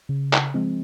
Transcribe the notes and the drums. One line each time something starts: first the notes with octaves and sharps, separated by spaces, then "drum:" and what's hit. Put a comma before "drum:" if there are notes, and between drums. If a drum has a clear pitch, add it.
C#3
drum: clap
F3 G#3 C4